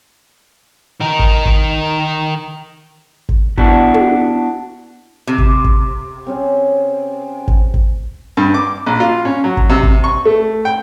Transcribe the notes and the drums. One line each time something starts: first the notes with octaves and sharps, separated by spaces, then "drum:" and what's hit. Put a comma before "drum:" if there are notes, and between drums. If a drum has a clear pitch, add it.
D#3 A#4
drum: kick G1
drum: kick G1
drum: kick G1
B3 D4 E4 F#4, drum: kick G1
drum: tom
C3
drum: kick G1
drum: kick G1
C4 C#4 G#4
drum: kick G1
drum: kick G1
G2
D6
A#1
F4
C#4
F#3
drum: kick G1
C3
drum: kick G1
C#6
A3
G5